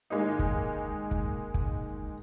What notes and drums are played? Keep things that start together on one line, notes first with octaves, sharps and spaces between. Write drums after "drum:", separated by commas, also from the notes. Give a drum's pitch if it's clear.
D#3 G#3 A#3 D#4
drum: kick
drum: kick
drum: kick